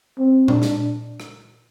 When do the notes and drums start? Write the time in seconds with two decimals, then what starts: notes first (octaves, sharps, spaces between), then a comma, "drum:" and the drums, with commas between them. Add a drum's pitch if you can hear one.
0.18 C4
0.48 D4, drum: tom A#2
0.62 drum: snare
1.20 drum: rim click